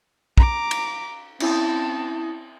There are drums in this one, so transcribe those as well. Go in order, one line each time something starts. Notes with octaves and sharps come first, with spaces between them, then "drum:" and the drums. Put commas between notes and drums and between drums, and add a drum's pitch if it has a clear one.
A#5 D6, drum: kick
drum: cymbal
C4 C#4 E4 A5 D#6, drum: cymbal